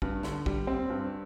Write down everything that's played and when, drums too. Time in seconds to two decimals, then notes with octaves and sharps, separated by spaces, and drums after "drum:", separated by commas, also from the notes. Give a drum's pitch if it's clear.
0.02 G2, drum: kick
0.23 D3, drum: snare
0.46 G3, drum: kick
0.67 C4
0.90 G2